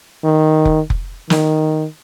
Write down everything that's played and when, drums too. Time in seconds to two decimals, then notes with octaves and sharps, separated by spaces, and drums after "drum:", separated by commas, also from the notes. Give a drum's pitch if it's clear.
0.24 D#3
0.65 drum: kick F1
0.90 drum: kick F1
1.30 D#3, drum: snare